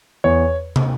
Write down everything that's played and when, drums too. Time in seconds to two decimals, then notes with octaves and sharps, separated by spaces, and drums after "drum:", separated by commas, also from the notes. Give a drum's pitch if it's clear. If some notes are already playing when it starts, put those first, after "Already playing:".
0.24 E2 C#5
0.76 drum: tom